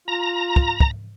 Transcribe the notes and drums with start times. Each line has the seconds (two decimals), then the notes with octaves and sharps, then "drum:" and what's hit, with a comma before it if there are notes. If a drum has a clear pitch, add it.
0.08 F4 A#5
0.56 drum: kick
0.80 drum: kick